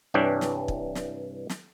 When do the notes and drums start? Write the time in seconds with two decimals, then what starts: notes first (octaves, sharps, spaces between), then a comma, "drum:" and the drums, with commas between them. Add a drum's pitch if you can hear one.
0.14 C2 G2 E3 D4 C#5 G5
0.41 drum: snare
0.68 drum: kick
0.95 drum: snare
1.49 drum: snare